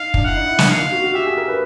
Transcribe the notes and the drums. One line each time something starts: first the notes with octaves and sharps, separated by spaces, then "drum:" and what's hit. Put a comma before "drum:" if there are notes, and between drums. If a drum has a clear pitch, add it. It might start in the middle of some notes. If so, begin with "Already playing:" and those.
Already playing: D#4 F5
D4, drum: kick
E4 F#5
D#4
E4
D4, drum: snare
D#4 F5
F4
F#4
F#4
G4 E5
G#4
A#4
B4